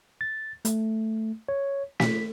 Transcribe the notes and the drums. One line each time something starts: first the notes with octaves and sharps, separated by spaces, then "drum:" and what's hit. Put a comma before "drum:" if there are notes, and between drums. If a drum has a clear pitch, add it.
A6
A3, drum: hi-hat
C#5
B6, drum: snare